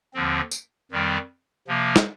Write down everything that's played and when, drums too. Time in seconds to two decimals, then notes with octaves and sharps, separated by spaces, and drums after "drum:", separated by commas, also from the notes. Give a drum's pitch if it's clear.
0.14 D#2 D3 F3 C4
0.51 drum: tambourine
0.91 F2 D#3 G3 C4
1.68 C3 F3 A#3
1.96 drum: snare